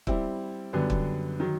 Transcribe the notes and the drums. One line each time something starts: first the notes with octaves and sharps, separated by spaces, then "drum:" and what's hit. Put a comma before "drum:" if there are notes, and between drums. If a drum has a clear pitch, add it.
G3 C4 E4, drum: kick
F#2 D3 G3 B3
drum: kick
D#3 F#3